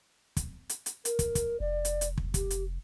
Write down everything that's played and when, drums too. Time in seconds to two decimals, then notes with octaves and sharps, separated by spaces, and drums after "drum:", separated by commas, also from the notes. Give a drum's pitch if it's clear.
0.37 drum: kick, hi-hat
0.69 drum: hi-hat
0.86 drum: hi-hat
1.05 A#4, drum: hi-hat
1.19 drum: kick, hi-hat
1.35 drum: kick, hi-hat
1.60 F1 D5
1.85 drum: hi-hat
2.01 drum: hi-hat
2.18 drum: kick
2.34 G4, drum: kick, hi-hat
2.50 drum: hi-hat